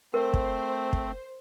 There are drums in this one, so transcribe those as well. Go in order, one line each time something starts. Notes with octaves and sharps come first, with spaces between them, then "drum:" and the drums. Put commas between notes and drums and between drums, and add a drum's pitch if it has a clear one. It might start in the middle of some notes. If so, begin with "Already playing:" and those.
A3 C4 A#4 C5
drum: kick
drum: kick